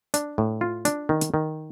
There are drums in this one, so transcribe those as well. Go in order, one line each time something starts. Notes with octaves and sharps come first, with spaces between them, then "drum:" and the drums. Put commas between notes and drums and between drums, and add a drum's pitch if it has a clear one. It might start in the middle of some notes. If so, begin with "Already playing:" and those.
D4, drum: hi-hat
A2
F4
D4, drum: hi-hat
D#3
drum: hi-hat
D#3